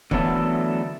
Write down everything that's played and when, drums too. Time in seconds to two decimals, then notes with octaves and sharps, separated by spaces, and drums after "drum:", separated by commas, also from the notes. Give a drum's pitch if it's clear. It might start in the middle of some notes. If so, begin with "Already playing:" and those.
0.11 D3 E3 F#3 A3 B3 A4, drum: kick C#1